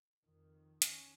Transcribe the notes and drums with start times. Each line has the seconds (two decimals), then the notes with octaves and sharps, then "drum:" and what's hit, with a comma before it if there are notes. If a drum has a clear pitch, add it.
0.25 F2 D#3
0.82 C#4, drum: hi-hat